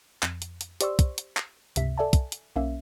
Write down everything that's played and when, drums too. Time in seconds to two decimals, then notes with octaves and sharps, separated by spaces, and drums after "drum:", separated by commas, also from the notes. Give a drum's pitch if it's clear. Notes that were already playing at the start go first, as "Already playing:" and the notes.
0.23 F2, drum: clap
0.42 drum: hi-hat
0.61 drum: hi-hat
0.81 G4 C5 D5 C6 C#6 E6, drum: hi-hat
0.99 drum: kick, hi-hat
1.18 drum: hi-hat
1.37 drum: clap
1.76 C#2 G2 C3 E5 B6, drum: hi-hat
1.98 A4 D5 E5 G#5 A5
2.13 drum: kick, hi-hat
2.32 drum: hi-hat
2.56 B1 A#3 C#4 E5